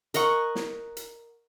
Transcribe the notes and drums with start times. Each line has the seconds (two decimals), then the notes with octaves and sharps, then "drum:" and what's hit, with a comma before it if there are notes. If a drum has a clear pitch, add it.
0.14 A#4 D#5 F#5 C#6, drum: hi-hat
0.55 drum: snare
0.97 drum: hi-hat